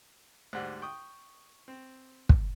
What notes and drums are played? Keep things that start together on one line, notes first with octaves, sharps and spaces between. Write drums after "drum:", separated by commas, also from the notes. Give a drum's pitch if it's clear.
D2 G#2 G3 C5 F#5 F#7
G5 C#6 D#6
C4
drum: kick